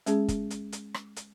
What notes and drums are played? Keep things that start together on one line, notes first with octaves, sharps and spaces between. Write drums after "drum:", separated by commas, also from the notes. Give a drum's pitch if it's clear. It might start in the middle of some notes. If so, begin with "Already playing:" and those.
G#3 C#4 G#4, drum: hi-hat
drum: kick, hi-hat
drum: hi-hat
drum: hi-hat
drum: rim click
drum: hi-hat